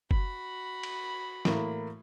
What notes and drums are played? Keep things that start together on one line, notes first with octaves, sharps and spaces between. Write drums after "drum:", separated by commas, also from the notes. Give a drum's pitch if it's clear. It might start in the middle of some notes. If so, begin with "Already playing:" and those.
F#4 B5, drum: kick
drum: cymbal
A2 E3 A#3, drum: snare